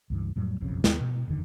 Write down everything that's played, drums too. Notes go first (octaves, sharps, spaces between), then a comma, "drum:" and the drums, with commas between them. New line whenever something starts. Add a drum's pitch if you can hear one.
C#2 G2 E3
F2 A2 F#3 G3
F#1 B1 F2 C#3
D#2 B3, drum: snare
B2
F#1 E2 D3 D#3